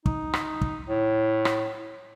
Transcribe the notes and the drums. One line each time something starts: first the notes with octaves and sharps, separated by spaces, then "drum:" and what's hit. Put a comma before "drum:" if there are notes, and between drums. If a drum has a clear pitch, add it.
D#4, drum: kick
drum: rim click
drum: kick
A2
drum: rim click